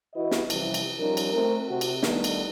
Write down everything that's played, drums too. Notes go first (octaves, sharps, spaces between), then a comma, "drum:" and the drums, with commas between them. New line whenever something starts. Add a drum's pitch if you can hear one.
E3 E4 F#4 B4 D#5
drum: snare
C3 E3 F3 G3 C#4 G4, drum: cymbal
drum: cymbal
F3 G3 C#4 D#4 A#4
drum: cymbal
A3 C4 A#4
C3 F#4
drum: cymbal
D#3 G3 A3 B3 D4 D#4, drum: snare
drum: cymbal